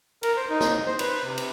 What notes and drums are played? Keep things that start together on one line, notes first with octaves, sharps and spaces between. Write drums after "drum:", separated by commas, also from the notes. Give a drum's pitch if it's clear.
A#4, drum: cymbal
C5
D#4
drum: snare
C5
B4, drum: cymbal
C3
drum: cymbal